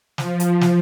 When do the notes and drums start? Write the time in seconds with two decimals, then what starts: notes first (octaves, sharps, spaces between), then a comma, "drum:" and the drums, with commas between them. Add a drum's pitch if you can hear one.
0.18 F3, drum: snare
0.40 drum: hi-hat
0.61 drum: snare